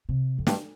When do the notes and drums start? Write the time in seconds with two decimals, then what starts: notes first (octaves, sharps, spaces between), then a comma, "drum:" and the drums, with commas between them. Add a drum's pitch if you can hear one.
0.09 C3
0.38 F2
0.47 G2, drum: snare